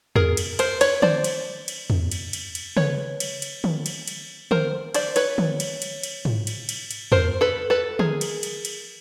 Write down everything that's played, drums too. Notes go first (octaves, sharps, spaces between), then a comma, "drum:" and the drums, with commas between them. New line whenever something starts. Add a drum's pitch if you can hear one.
G#4 A#4, drum: tom E2
drum: cymbal
A#4 C5, drum: cymbal
B4 C#5, drum: cymbal
C5 D5, drum: tom
drum: cymbal
drum: cymbal
drum: tom E2
drum: cymbal
drum: cymbal
drum: cymbal
B4 C#5, drum: tom C#3
drum: cymbal
drum: cymbal
drum: tom
drum: cymbal
drum: cymbal
A#4 C5, drum: tom
C5 D5, drum: cymbal
B4 C#5, drum: cymbal
drum: tom
drum: cymbal
drum: cymbal
drum: cymbal
drum: tom G#2
drum: cymbal
drum: cymbal
drum: cymbal
A#4 C5, drum: tom E2
A4 B4
A4 B4
G#4 A#4, drum: tom
drum: cymbal
drum: cymbal
drum: cymbal